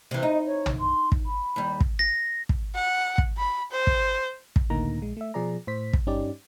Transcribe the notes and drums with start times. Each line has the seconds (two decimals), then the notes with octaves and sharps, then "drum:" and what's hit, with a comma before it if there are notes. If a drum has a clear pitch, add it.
0.11 C3 E3
0.23 D#4 D#5
0.47 C#5
0.66 drum: tom
0.80 C6
1.12 drum: kick
1.26 B5
1.56 D#2 G3
1.81 drum: kick
1.99 A#6
2.49 drum: kick
2.75 F#5
3.18 drum: kick
3.38 B5
3.72 C5
3.87 drum: kick
4.56 drum: kick
4.70 C#2 A2 D3 A#3 D#4 A#5
5.02 A#1 G#3
5.17 A3 E5
5.34 B2 F3 G#4 D5 A#5
5.67 A2 C5 B6
5.93 drum: kick
6.07 G2 C#4 D#4 G4 D5